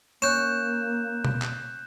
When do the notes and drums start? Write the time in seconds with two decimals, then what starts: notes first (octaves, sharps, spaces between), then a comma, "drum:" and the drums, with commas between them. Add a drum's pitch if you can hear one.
0.22 A#3 C#4 F#6 G6 E7
1.25 drum: tom B2
1.42 drum: clap